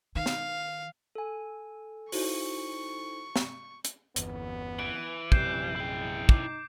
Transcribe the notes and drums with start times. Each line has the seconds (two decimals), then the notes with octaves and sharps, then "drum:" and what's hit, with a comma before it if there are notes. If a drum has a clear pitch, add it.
0.15 D#3 F5
0.26 drum: snare
1.15 A4 G#5
2.12 D#4 E4 F#4 C5 C#5 C#6, drum: open hi-hat
3.36 drum: snare
3.85 drum: hi-hat
4.16 G1 E2 B3, drum: hi-hat
4.79 E3 D7
5.32 A#1 F#2 C3 G3 G6 C7 E7, drum: kick
5.76 G#3 E4 G5
6.29 D#4 D6, drum: kick